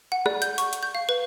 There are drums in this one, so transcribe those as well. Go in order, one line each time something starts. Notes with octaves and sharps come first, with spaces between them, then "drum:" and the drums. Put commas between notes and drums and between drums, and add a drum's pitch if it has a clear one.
F#5
D5, drum: rim click
G6, drum: hi-hat
C#6, drum: hi-hat
drum: hi-hat
G6
F5
B4